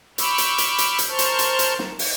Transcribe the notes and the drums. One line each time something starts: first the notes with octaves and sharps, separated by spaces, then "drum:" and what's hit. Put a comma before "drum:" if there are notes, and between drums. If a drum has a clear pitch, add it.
B5 C#6 D6 E6 F6 G6, drum: hi-hat
drum: hi-hat
drum: hi-hat
drum: hi-hat
drum: hi-hat
A#4 C5 A5 C#6 F6 G6
drum: hi-hat
drum: hi-hat
drum: hi-hat
drum: snare
drum: open hi-hat